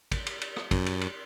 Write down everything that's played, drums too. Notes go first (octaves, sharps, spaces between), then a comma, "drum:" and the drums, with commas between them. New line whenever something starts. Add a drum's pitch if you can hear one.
drum: kick, cymbal
drum: cymbal
drum: cymbal
drum: rim click
F#2, drum: kick, cymbal
drum: cymbal
drum: cymbal